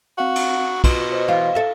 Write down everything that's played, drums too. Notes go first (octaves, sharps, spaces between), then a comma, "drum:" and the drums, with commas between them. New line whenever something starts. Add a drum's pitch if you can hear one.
C4 F#4 F5 F#5
drum: cymbal
B2 F4 C6, drum: kick, cymbal
C5 D#5
E3 F4
A4 E5 F5